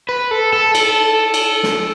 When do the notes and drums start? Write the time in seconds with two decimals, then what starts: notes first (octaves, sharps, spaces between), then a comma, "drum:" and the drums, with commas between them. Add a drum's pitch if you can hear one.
0.09 B4
0.31 A4
0.53 A4
0.75 A4, drum: cymbal
1.34 drum: cymbal
1.63 drum: snare